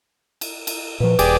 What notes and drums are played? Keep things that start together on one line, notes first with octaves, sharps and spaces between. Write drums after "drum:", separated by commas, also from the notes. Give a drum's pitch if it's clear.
drum: cymbal
drum: cymbal
A#2 F3 B4
D#1 G4 G#4 D5, drum: cymbal